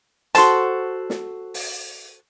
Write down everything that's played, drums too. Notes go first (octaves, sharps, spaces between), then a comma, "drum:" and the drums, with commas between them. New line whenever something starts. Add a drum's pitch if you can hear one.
F#4 A4 C5 A5 C6, drum: hi-hat
drum: snare
drum: open hi-hat